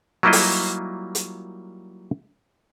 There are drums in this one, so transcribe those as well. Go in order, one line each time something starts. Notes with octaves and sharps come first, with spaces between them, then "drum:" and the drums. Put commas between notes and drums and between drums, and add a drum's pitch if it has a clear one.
F#3 G3 A#3 E4 F4 D#5
drum: open hi-hat
drum: hi-hat